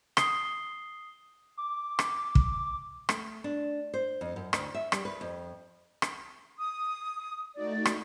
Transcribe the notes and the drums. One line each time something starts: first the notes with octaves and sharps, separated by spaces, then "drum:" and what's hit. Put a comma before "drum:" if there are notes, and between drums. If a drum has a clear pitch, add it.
D#6 C7 G7, drum: rim click
D6
drum: rim click
drum: kick
A3, drum: rim click
D4
C5
F2
F#2
D2, drum: rim click
E5
G3, drum: rim click
B4
F2
drum: rim click
D#6
A3 D#4 F#4 D5
drum: rim click